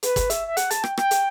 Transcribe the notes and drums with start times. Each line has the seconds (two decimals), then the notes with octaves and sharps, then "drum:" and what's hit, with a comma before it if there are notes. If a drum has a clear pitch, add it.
0.03 B4, drum: hi-hat
0.16 drum: kick, hi-hat
0.30 E5, drum: hi-hat
0.48 E5
0.57 F#5, drum: hi-hat
0.71 A5, drum: hi-hat
0.84 G5, drum: rim click
0.97 G5, drum: rim click
1.11 drum: hi-hat